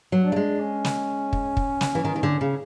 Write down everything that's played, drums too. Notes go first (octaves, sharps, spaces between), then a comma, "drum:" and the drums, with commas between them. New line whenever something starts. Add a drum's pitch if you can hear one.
F#3
D4
A3
G#3
C#4
drum: snare
drum: kick
drum: kick
drum: snare
E3
D#3
D#3
D3
C#3